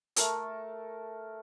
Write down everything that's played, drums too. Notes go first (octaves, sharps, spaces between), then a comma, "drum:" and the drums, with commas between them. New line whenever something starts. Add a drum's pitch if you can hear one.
A3 A4 A#4 A5, drum: hi-hat